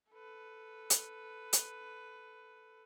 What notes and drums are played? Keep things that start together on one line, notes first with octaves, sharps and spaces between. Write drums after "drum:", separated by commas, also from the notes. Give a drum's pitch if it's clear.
A4 B4
drum: hi-hat
drum: hi-hat